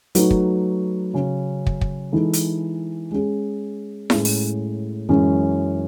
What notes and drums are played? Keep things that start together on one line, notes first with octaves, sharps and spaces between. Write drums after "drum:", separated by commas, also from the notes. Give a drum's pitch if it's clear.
F#3 A3 D#4 F#4 B4, drum: hi-hat
drum: kick
C#3 F#3 C#4
drum: kick
drum: kick
E3 G#3 D#4 A4
drum: hi-hat
G#3 C#4 G#4
A2 G#3 C#4 G#4, drum: snare E4
drum: open hi-hat
F#2 E3 G#3 C#4